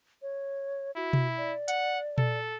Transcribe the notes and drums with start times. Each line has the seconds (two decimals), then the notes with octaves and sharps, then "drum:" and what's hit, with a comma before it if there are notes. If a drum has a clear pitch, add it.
0.22 C#5
0.96 E4 F#4
1.13 drum: tom B2
1.37 D5
1.68 F#5, drum: hi-hat
2.18 A4, drum: tom A#2